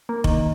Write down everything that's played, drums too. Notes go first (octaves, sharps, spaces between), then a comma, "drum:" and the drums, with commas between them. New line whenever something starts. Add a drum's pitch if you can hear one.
A#3
D#3, drum: kick F1